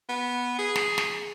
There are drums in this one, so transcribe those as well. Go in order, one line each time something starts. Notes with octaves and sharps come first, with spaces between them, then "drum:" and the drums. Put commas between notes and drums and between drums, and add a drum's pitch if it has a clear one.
B3
G#4
drum: snare
drum: snare